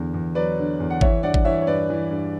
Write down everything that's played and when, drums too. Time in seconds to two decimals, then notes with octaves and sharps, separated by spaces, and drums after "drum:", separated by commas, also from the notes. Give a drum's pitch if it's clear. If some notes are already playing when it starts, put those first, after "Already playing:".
Already playing: E2 D3
0.14 E2
0.35 F#3 B4 D5
0.58 D3
0.80 E2
0.90 F#5
1.01 E3 C#5 E5, drum: kick G#1
1.23 G2 D5 F#5
1.34 drum: kick G#1
1.45 E3 C#5 E5
1.61 C#5
1.67 G2 B4 D5
1.90 E3
2.11 G2